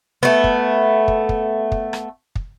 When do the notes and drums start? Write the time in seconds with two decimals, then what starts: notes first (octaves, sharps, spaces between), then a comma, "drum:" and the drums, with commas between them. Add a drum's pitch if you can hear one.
0.23 A3 B3
0.44 drum: kick
1.08 drum: kick
1.29 drum: kick
1.72 drum: kick
1.93 drum: rim click
2.35 drum: kick